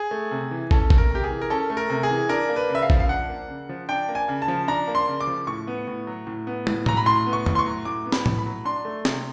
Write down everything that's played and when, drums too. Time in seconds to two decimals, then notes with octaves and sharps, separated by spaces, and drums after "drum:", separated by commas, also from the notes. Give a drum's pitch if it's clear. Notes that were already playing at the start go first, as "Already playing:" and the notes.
Already playing: G#4
0.11 A3
0.31 C3
0.51 E3
0.71 C#4 A4, drum: kick
0.90 A3, drum: kick
0.98 A#4
1.11 C3 G4
1.24 G#4
1.30 E3
1.42 A#4
1.50 C#4 A4
1.70 A3
1.77 A#4
1.90 C3
2.03 G#4
2.10 E3
2.29 D4 A#4
2.49 A#3
2.56 B4
2.69 C#3
2.75 E5
2.82 F5
2.90 F3, drum: kick
3.00 F5
3.09 D4 F#5
3.28 A#3
3.48 C#3
3.69 F3
3.89 D4 G5
4.09 A#3
4.15 G#5
4.28 C#3
4.42 A5
4.48 F3
4.68 D4 A#5
4.88 A#3
4.95 C6
5.08 C#3
5.21 D6
5.27 F3
5.47 A2 C#6
5.67 B3
5.87 A2
6.07 F#3
6.27 A2
6.47 B3
6.67 A2, drum: tom
6.86 F#3 A#5, drum: tom A2
6.97 B5
7.06 A2 C6
7.26 B3
7.33 C#6
7.46 A2, drum: tom F2
7.55 C6
7.59 C#6
7.66 F#3
7.85 A2 D6
8.06 B3
8.12 B5, drum: snare
8.26 A2, drum: tom A2
8.38 B5
8.46 F#3
8.65 D4 C6
8.85 A3
9.05 C3, drum: snare